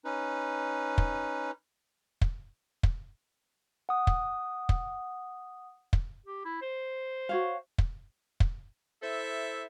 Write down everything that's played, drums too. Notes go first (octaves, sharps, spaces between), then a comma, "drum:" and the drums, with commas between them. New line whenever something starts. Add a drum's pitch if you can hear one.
C#4 D#4 B4
drum: kick
drum: kick
drum: kick
F#5 D#6
drum: kick
drum: kick
drum: kick
G4
E4
C5
F#4 C#5 F5
drum: kick
drum: kick
E4 A4 C5 E5